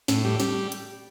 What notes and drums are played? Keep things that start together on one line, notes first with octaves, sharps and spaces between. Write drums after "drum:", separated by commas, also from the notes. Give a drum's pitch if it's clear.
A2, drum: snare
G3
G3, drum: snare
drum: hi-hat